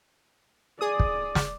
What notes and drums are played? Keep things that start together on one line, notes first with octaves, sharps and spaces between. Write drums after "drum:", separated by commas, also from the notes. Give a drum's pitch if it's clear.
G#4 D5 D#6
drum: kick
drum: snare